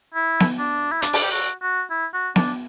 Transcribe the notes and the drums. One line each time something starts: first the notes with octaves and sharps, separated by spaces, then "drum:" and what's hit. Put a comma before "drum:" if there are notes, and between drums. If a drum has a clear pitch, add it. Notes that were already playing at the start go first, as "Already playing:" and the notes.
E4
drum: snare B3
D4
E4
D4, drum: hi-hat
drum: open hi-hat
G4
F#4
F#4
E4
F#4
D4, drum: snare B3